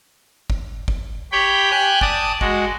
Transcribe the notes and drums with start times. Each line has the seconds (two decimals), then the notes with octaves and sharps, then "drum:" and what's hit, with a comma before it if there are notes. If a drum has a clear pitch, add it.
0.50 drum: kick
0.88 drum: kick
1.32 G4 C#5 G5 B5
1.71 G5 G#5 F#6
2.01 D5 A5 D#6, drum: kick
2.41 G#3 F#4, drum: kick